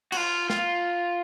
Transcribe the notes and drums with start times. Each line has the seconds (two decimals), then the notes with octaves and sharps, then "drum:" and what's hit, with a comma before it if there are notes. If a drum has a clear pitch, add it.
0.12 F#4, drum: cymbal
0.17 F4
0.50 F4, drum: snare